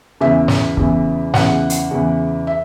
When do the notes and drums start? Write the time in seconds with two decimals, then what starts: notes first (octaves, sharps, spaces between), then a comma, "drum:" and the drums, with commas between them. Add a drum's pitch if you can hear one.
0.21 E2 C#3 E3 E5
0.48 drum: snare
0.77 E2 C#3 E3, drum: kick
1.34 E2 C#3 E3 F#5, drum: snare
1.70 drum: hi-hat
1.91 E2 C#3 E3
2.47 E5